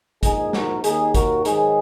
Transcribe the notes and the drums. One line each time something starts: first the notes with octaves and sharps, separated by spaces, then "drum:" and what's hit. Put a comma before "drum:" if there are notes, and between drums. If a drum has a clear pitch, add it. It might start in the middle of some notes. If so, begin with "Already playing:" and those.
A#1 G#2 G#3 D#4 G#4, drum: kick, hi-hat
F#4 A#4, drum: snare
D#2 D#3 A#3 D#4 G#4, drum: hi-hat
F#4 A#4, drum: kick, hi-hat
G#2 D#3 F#3 D#4 G#4, drum: hi-hat